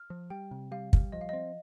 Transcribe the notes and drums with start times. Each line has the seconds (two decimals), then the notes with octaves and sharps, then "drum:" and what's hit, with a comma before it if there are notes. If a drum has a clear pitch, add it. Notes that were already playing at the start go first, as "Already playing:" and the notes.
Already playing: F6
0.10 F3
0.30 G3 G5
0.51 C3
0.71 G3 F5
0.93 G3, drum: kick
1.12 F3 D#5
1.21 F5
1.29 C4 D#5